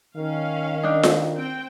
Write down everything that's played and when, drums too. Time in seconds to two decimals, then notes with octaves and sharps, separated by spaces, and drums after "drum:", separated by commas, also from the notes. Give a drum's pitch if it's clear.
0.17 D#3 C#4 F5
0.83 D4 D#4
1.03 drum: snare F4
1.37 C4 G5